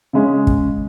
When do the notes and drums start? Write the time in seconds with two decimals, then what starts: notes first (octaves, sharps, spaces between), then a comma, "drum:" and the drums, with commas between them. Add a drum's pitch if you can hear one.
0.13 C#3 G#3 C#4
0.47 drum: kick